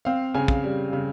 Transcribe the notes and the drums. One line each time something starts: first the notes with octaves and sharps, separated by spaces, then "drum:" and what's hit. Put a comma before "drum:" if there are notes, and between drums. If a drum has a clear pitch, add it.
C4 F5
C#3 G#5
drum: kick
G3
C#3